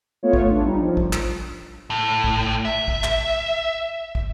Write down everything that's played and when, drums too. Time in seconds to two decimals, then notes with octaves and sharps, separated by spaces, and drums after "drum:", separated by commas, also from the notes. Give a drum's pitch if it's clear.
0.23 A3 B3 F4 C#5
0.33 drum: kick
0.50 D4 A4
0.65 G3 D#4
0.81 F3
0.97 drum: kick
1.13 drum: clap
1.90 A2
2.24 drum: kick
2.65 E5
2.88 drum: kick
3.04 drum: clap
4.15 drum: kick